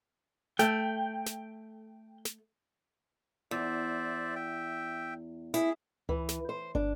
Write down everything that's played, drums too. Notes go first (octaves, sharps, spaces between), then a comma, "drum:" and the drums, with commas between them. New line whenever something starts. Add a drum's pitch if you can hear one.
A3 G5, drum: snare
drum: snare
drum: snare
E2 C5 D5 E5
E5 G5
E4 G#4, drum: hi-hat
E3, drum: tom C#2
drum: snare
C5
D4, drum: kick